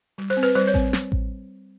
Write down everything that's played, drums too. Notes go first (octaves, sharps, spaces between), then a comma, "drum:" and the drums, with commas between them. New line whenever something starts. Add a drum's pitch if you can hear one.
G3
C5
C4
B4
G3 C5
C#5
C4, drum: kick A1
drum: snare
drum: kick A1